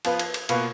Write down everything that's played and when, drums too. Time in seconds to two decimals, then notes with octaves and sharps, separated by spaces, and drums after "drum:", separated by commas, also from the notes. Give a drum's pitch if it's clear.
0.05 F3 B3 F4 B4, drum: cymbal
0.19 drum: cymbal
0.34 drum: cymbal
0.49 B2 A#3 F4 B4, drum: cymbal